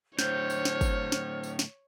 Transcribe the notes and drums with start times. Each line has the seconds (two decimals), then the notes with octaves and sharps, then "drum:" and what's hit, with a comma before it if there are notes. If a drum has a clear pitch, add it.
0.19 A2 D3 C5 C#5 F6 G6, drum: snare
0.50 drum: tambourine
0.65 drum: snare
0.81 drum: kick, tambourine
1.12 drum: snare
1.43 drum: tambourine
1.59 drum: snare